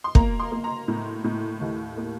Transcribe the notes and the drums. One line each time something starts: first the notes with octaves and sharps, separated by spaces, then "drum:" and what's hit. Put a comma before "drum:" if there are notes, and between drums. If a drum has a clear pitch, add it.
C6
A#3 A#5, drum: kick
C6
A#3
A#5
A2
A2
D#2
A#3